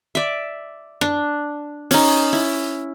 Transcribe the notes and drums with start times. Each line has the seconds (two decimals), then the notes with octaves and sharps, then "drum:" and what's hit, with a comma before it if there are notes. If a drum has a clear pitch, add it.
0.15 D5 E5
1.01 D4, drum: rim click
1.91 C#4 D#4, drum: open hi-hat
2.33 E4